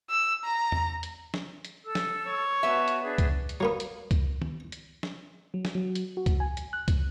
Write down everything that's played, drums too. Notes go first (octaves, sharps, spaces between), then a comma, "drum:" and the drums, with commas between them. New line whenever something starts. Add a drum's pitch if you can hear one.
E6
A#5
drum: tom E2
drum: hi-hat
drum: snare
drum: hi-hat
A4 E6
drum: snare
C#5
B3 F#4 B4 E5 A5
drum: hi-hat
D4 G#4 B4
drum: kick C#2, hi-hat
drum: hi-hat
F#3 A#3 B3
drum: hi-hat
drum: kick C#2, hi-hat
drum: tom D#3
drum: hi-hat
drum: snare
F#3
drum: snare
F#3
drum: hi-hat
F#4
drum: kick C#2, hi-hat
G#5
drum: hi-hat
F#6
drum: kick C#2, hi-hat